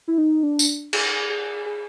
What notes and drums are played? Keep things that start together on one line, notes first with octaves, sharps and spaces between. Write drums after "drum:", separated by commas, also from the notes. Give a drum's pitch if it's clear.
E4
D#4
D4
drum: tambourine
G#4, drum: cymbal
G#4
G#4